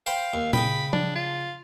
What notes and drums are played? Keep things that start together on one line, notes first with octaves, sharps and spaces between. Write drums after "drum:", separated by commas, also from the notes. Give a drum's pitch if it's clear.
C5 F5 G5 B5
D#2
C#3 D#5 G5 B5, drum: tom A#2
D4, drum: tom F3
F4